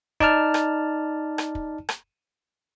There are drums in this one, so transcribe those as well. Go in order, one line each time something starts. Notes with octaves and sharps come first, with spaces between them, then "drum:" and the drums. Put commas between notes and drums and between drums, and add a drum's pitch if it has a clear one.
D#4 D5 A5 F6, drum: kick
drum: rim click
drum: rim click
drum: kick
drum: rim click